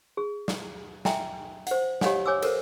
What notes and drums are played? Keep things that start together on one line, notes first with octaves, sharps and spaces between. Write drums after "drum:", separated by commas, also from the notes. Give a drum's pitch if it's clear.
G#4
drum: snare
E5 G5 G#5 A#5, drum: snare
C5 F#5, drum: hi-hat
G4 C#5 D#5 F5 F#5 G#5, drum: snare
C#5 G#5 D6 E6
A4 A#4 C5, drum: cymbal